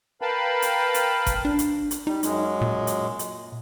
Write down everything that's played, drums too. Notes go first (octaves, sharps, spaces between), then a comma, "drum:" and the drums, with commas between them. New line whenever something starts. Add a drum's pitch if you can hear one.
A#4 B4 F5 G5 A5 B5
drum: hi-hat
drum: hi-hat
drum: kick G1, hi-hat
D4
drum: hi-hat
drum: hi-hat
G3 D#4
F#2 G#3, drum: hi-hat
A#2
drum: hi-hat
drum: hi-hat